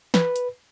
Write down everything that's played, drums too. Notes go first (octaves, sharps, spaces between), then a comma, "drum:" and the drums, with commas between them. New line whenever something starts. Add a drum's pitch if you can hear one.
B4, drum: snare
drum: hi-hat